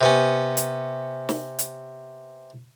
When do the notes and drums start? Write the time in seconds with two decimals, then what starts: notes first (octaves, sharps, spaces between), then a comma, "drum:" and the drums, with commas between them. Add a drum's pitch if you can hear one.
0.01 C3 B3 C#4
0.57 drum: hi-hat
1.29 drum: snare
1.59 drum: hi-hat